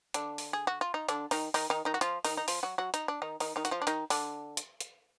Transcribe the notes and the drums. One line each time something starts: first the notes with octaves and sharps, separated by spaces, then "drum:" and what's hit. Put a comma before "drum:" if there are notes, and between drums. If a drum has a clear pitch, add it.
D3 D4, drum: hi-hat
drum: open hi-hat
G#4
F#4
F4
D#4
D3 D4, drum: hi-hat
D#3 D#4, drum: open hi-hat
D#3 D#4, drum: open hi-hat
D#3 D#4
D#3 D#4
F#4
F3 F4, drum: hi-hat
D#3 D#4, drum: open hi-hat
D#4
F3 F4, drum: open hi-hat
F#3 F#4
F#3 F#4
D#4, drum: hi-hat
D4
D#3 D#4
D#3 D#4, drum: open hi-hat
D#3 D#4
F#4, drum: hi-hat
F3 F4
D4
D#3 D#4, drum: hi-hat
D3 D4, drum: open hi-hat
drum: hi-hat
drum: hi-hat